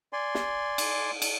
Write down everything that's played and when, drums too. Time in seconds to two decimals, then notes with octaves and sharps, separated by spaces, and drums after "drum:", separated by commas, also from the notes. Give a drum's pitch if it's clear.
0.13 D5 G#5 C6
0.35 drum: snare
0.78 drum: cymbal
1.22 drum: cymbal